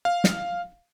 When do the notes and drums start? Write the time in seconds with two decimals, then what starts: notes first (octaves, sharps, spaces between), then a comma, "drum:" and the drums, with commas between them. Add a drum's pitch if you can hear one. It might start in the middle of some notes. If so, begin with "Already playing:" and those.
0.05 F5
0.24 drum: snare